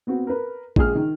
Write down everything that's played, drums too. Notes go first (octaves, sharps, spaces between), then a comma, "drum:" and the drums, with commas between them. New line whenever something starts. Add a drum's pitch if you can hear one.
B3 C4 F#4
A#4 B4
A#1 G#3 G#4 F6, drum: kick A1
D#3